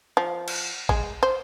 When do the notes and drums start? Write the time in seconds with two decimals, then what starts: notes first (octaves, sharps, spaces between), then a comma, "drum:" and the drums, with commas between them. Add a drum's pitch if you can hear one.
0.17 F3
0.48 drum: cymbal
0.89 G#3, drum: kick
1.23 C5